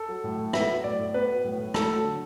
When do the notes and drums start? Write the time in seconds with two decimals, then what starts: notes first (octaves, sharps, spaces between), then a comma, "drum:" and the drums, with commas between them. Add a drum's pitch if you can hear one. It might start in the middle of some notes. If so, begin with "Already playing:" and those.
Already playing: A4
0.08 F#3
0.24 A2
0.38 A2
0.53 B3 E5, drum: rim click
0.69 F#3
0.84 A2 D5
0.99 A2
1.14 B3 B4
1.29 F#3
1.44 A2
1.59 A2
1.74 A3 A4, drum: rim click
1.90 F#3
2.04 D3